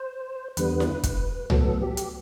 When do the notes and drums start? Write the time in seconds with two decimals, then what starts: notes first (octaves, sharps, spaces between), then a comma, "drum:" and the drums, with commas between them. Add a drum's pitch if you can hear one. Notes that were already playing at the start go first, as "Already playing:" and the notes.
Already playing: C5
0.57 E2 D3 G3 B3 B4, drum: hi-hat
0.80 drum: snare E4
1.03 B4, drum: kick, hi-hat
1.50 A2 F#3 B3 A4, drum: tom C2
1.82 G4
1.97 drum: hi-hat